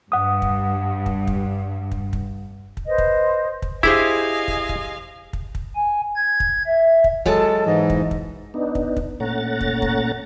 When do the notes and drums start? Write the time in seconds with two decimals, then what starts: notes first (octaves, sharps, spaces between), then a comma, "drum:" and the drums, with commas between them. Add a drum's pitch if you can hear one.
0.12 G2 F#5 D#6
0.42 drum: kick
1.06 drum: kick
1.27 drum: kick
1.91 drum: kick
2.13 drum: kick
2.77 drum: kick
2.87 B4 C5 D#5
2.98 drum: kick
3.62 drum: kick
3.83 E4 G4 G#4 C5 D#5 F5 G#5, drum: kick
4.48 drum: kick
4.69 drum: kick
5.33 drum: kick
5.55 drum: kick
5.75 G#5
6.16 G#6
6.40 drum: kick
6.66 E5
7.04 drum: kick
7.26 F#3 G#3 A4 A5, drum: kick
7.66 G#2 E3 D#5
7.90 drum: kick
8.11 drum: kick
8.54 B3 D4 D#4
8.75 drum: kick
8.96 drum: kick
9.20 A#2 A3 C#4 F#5 A#5 A6
9.61 drum: kick
9.82 drum: kick